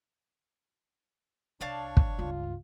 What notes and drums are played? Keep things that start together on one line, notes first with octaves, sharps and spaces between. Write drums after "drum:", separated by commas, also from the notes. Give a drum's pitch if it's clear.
C2 D4 C#5 D5 F5 A5 C#6
drum: kick
C#2 G2 F4